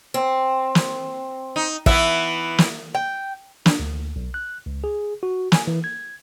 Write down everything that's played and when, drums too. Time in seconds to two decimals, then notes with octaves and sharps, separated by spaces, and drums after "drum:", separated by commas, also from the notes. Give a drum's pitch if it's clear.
0.14 C4
0.75 drum: snare
1.56 D#4
1.86 E3 B3 E4 E5, drum: kick
2.58 drum: snare
2.95 G5
3.66 D4, drum: snare
3.79 D2
4.16 B1
4.34 F#6
4.66 C#2
4.84 G#4
5.23 F#4
5.52 G#5, drum: snare
5.67 E3
5.84 G#6